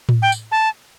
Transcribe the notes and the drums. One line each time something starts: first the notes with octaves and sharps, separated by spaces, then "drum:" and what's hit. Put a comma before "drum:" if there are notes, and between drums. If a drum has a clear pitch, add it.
drum: tom A2
G5
drum: tambourine
A5